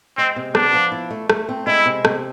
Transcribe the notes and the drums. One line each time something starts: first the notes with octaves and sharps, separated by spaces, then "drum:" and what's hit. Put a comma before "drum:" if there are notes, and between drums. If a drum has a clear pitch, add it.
G#3 C4
C3
B3 D4, drum: rim click
F3
E4
A3
A3, drum: rim click
C4
G#3 E4
C3
C3, drum: rim click